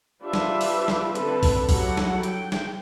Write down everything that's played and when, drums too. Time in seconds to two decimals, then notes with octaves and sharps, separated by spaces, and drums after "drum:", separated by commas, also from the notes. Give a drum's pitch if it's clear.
0.24 D4 F4 G4 B4 C5 E5
0.33 drum: snare
0.61 drum: open hi-hat
0.88 drum: snare
1.15 D3 C4 A4 B4, drum: hi-hat
1.43 drum: kick B1, open hi-hat
1.69 F#3 E4 G4 A4 F#5, drum: kick B1, open hi-hat
1.97 drum: snare
2.23 G5, drum: hi-hat
2.52 drum: snare